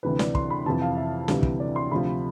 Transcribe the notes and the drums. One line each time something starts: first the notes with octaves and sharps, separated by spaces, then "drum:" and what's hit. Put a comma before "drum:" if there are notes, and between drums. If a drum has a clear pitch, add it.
D2 C3 E3 G3 B4
D5, drum: snare
C6, drum: kick
B5
F2 C3 E3 A5
F5
E5
D2 C3 E3 G3, drum: snare
drum: kick
D5
C6
D2 C3 F3 B5